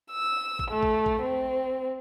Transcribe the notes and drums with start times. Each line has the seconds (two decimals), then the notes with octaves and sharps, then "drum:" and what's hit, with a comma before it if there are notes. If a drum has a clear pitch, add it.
0.12 E6
0.59 drum: kick A1
0.70 A3
0.83 drum: kick A1
1.06 drum: kick A1
1.21 C4